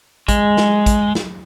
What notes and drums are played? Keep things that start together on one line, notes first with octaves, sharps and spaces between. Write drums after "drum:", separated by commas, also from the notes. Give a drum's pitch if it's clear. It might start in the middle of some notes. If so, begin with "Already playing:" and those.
G#3, drum: kick A1, hi-hat
drum: snare
drum: kick A1, hi-hat
drum: snare